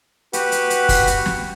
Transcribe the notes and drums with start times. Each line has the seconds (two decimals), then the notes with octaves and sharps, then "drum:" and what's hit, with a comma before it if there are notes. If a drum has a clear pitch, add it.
0.33 F#4 G4 B4 F#5, drum: hi-hat
0.52 drum: hi-hat
0.70 drum: hi-hat
0.89 drum: kick, open hi-hat
1.07 drum: hi-hat
1.26 drum: snare